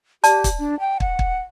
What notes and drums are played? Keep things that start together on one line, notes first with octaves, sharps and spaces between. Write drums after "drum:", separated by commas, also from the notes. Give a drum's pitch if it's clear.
G4 D5 A5, drum: hi-hat
drum: kick, hi-hat
D4
G5
F#5, drum: kick
drum: kick